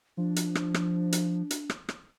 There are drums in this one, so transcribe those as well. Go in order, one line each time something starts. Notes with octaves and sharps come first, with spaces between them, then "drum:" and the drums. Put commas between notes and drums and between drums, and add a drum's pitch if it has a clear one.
F3 D4
drum: hi-hat
drum: rim click
drum: rim click
drum: hi-hat
drum: hi-hat
drum: rim click
drum: rim click